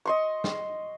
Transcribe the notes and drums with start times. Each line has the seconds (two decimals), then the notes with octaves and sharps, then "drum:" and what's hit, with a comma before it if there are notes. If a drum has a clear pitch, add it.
0.05 D#5 C6 C#6
0.44 drum: snare